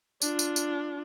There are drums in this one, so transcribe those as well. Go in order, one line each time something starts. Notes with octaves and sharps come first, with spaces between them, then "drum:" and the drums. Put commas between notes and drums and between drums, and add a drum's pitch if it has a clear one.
D4 F4, drum: tambourine
drum: tambourine
drum: tambourine